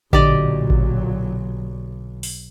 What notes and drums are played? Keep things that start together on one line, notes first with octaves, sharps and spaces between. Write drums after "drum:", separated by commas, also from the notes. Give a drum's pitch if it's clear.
B1 A#2 D3 F#3 G4 D5 D#5, drum: kick A1
drum: kick A1
drum: open hi-hat